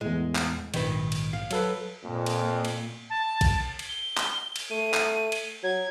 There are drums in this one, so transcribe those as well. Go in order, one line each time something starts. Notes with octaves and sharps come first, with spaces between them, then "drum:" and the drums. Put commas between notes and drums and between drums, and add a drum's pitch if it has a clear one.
E2 A2 G#3
drum: clap
A#1 G#2 D#3 B4, drum: cymbal
drum: cymbal
F5
F#3 A4 B4, drum: cymbal
F2 A#2
drum: cymbal
drum: cymbal
A5
drum: kick, cymbal
drum: cymbal
G7
drum: clap
drum: cymbal
A3 D#7
drum: clap
drum: cymbal
F#3 G#6